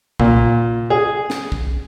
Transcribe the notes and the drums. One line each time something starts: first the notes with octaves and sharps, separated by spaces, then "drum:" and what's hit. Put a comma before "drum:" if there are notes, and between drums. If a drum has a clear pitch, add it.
A#2, drum: kick
G#4
drum: snare
drum: kick